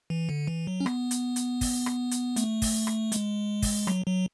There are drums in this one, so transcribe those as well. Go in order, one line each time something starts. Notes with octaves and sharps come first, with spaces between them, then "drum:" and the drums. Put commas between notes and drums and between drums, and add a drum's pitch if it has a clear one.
E3
D3
E3
F#3
C#4
B3, drum: rim click
drum: hi-hat
drum: hi-hat
drum: kick, open hi-hat
drum: rim click
drum: hi-hat
A3, drum: hi-hat
drum: kick, open hi-hat
drum: rim click
G#3, drum: hi-hat
drum: kick, open hi-hat
F#3, drum: rim click
F#3